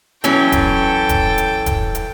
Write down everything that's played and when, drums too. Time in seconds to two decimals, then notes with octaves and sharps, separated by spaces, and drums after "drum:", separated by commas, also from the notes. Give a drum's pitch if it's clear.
0.24 E3 F#3 C#4 A4 G5, drum: hi-hat
0.52 drum: kick D#1, hi-hat
1.09 drum: kick D#1, hi-hat
1.38 drum: hi-hat
1.66 drum: kick D#1, hi-hat
1.95 drum: hi-hat